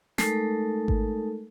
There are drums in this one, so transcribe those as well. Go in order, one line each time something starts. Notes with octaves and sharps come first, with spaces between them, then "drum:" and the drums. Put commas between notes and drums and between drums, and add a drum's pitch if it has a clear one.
G#3 A3 D#4 A4 A#4, drum: snare
drum: kick G#1